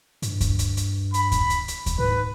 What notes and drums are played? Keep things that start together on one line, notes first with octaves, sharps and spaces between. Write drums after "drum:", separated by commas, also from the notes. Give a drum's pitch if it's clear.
G2, drum: hi-hat
drum: kick D2, hi-hat
drum: hi-hat
drum: hi-hat
B5, drum: hi-hat
drum: kick D2, hi-hat
drum: hi-hat
drum: hi-hat
drum: kick D2, hi-hat
G#2 B4